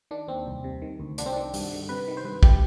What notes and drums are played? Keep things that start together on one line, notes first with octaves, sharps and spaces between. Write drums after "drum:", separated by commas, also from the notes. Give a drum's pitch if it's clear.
D#3 D4
D#2 C4
C2
C3
D#3
D2
C2 D4, drum: hi-hat
C4
D#3 D4
G2, drum: open hi-hat
D3
C3 B4
D#3
C5
G2 B4
G4, drum: kick